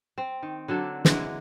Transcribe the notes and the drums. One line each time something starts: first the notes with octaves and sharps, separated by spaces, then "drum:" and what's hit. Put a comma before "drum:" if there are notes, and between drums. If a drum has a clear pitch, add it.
C4
D#3
D3 F#3 D4 A4
D3 E3 F#3 G#3, drum: snare